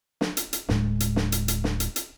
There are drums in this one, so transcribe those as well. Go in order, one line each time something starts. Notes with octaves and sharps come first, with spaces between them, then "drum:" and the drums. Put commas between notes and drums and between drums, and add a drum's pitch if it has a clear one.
drum: snare
drum: hi-hat
drum: hi-hat
D1 A2 G#3, drum: snare
drum: hi-hat
drum: snare
drum: hi-hat
drum: hi-hat
drum: snare
drum: hi-hat
drum: hi-hat